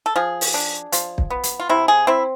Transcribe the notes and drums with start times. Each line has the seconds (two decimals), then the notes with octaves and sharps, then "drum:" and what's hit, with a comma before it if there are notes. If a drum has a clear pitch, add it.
0.06 A4
0.16 F3 G#4
0.41 drum: open hi-hat
0.54 D4
0.92 F3, drum: hi-hat
1.18 drum: kick
1.30 B3
1.43 drum: hi-hat
1.60 F4
1.69 C3 E4
1.88 G#4
2.07 C4 E4